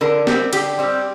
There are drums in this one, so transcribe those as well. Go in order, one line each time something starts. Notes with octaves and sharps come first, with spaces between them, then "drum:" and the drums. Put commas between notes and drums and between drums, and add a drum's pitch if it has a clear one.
D3 A#4
G3 C4, drum: snare
D3 G4, drum: cymbal
G3 C4